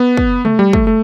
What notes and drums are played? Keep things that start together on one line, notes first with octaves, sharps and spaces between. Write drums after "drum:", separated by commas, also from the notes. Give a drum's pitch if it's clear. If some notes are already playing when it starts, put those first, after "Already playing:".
Already playing: B3
drum: kick
A3, drum: tom
G3
A3, drum: kick
A3